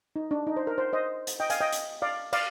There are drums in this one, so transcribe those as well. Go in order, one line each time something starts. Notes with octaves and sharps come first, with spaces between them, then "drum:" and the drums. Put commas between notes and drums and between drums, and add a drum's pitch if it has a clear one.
D#4
D4
D#4
C5
A#4
C5
C5 D#5
drum: hi-hat
D#5 G5
F5 G#5, drum: hi-hat
D#5 G5
drum: hi-hat
D5 F5
D5 F5, drum: cymbal